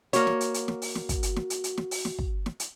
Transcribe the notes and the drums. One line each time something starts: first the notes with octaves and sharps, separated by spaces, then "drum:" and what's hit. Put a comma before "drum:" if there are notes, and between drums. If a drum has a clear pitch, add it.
A#3 F#4 C#5, drum: hi-hat
drum: snare
drum: hi-hat
drum: hi-hat
drum: snare
drum: open hi-hat
drum: snare
drum: kick, hi-hat
drum: hi-hat
drum: snare
drum: hi-hat
drum: hi-hat
drum: snare
drum: open hi-hat
drum: snare
drum: kick
drum: snare
drum: hi-hat